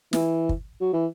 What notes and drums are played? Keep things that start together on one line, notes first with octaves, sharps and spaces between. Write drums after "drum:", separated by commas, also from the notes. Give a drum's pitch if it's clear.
E3, drum: snare
drum: kick
F#3
E3